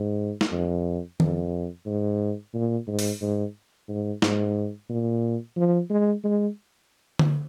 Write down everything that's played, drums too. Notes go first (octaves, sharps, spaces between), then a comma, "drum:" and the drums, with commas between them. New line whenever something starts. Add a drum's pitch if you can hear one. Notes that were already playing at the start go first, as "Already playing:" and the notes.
Already playing: G#2
drum: snare
F2
F2, drum: tom D#3
G#2
A#2
G#2
drum: open hi-hat
G#2
G#2
G#2, drum: snare
A#2
F3
G#3
G#3
drum: tom D3